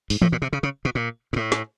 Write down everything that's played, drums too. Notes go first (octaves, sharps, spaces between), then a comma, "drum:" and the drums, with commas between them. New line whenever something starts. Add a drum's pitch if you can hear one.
G#2, drum: open hi-hat
A2, drum: tom E3
A#2
C3
C#3
C#3
B2
A#2
G#2
A2
drum: snare